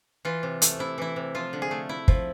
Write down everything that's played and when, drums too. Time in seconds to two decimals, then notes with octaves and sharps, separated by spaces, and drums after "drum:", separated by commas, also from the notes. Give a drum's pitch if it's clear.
0.25 E3 F4
0.43 C3
0.62 A3, drum: hi-hat
0.79 C3 E4
0.98 E3 E4
1.16 C3
1.35 F3 F4
1.53 D3
1.62 G#4
1.71 A3
1.89 E4
2.08 F3, drum: kick